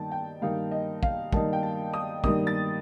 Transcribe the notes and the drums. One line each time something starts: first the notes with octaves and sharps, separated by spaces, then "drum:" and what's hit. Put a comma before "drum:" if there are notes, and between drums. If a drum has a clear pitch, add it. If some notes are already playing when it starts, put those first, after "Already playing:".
Already playing: G2 D#3 A#3 D#4 G5 A5
G5
G2 D#3 A#3 D#4 F5
D#5
F5, drum: kick
G2 D#3 A#3 D#4 A5, drum: kick
G5
A5
D#6
G2 D#3 A#3 D#4 D#6, drum: kick
A6